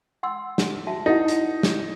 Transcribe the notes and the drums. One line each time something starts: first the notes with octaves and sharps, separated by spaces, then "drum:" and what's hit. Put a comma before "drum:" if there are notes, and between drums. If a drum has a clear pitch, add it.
F#5 C6 E6
drum: snare
F#4 E5 A5
D#4 E4 F#5
drum: hi-hat
drum: snare